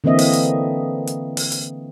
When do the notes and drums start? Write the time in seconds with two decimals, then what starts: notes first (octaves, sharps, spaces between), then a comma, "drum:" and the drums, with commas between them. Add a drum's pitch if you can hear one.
0.04 D3 E3 A#3 C4 D#5 E5
0.19 drum: open hi-hat
0.33 drum: hi-hat
1.07 drum: hi-hat
1.37 drum: open hi-hat
1.52 drum: hi-hat